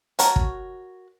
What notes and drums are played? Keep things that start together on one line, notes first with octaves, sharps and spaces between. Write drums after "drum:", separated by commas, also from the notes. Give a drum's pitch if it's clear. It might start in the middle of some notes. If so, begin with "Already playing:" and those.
F#4 A#4 C#5 A5, drum: hi-hat
drum: kick